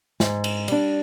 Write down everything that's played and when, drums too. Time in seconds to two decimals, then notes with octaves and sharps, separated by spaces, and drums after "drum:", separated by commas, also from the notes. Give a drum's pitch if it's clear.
0.20 G#2, drum: snare
0.44 drum: cymbal
0.68 G3 D4, drum: cymbal